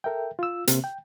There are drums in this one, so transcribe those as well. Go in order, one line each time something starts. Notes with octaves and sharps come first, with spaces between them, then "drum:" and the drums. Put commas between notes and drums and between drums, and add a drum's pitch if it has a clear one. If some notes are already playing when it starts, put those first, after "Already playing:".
A4 A#4 E5 G5
F4 E6
C3 A#3 C4, drum: hi-hat
G5